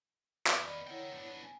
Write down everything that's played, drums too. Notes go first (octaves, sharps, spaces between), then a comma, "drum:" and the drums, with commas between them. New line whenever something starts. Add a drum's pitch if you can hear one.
B3 F5, drum: clap
D5 D#5 B5
E4 A#4 C#5 F#5 G5
B3 D4
G#5